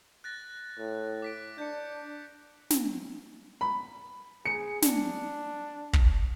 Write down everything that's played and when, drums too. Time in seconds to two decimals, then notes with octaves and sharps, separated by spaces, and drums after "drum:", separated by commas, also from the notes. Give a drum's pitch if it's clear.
0.24 F#6 A6 A#6
0.78 A2
1.22 D6 B6 D7
1.58 D4 G6 C#7
2.70 drum: snare
3.61 B5
4.46 G#4 C#7
4.82 D4, drum: snare
5.93 drum: kick